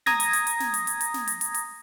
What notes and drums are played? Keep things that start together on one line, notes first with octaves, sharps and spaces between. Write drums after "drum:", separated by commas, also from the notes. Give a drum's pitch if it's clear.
A#5 D#6 G#6 A#6, drum: snare
drum: hi-hat
drum: hi-hat
drum: hi-hat
drum: snare
drum: hi-hat
drum: hi-hat
drum: hi-hat
drum: snare
drum: hi-hat
drum: hi-hat
drum: hi-hat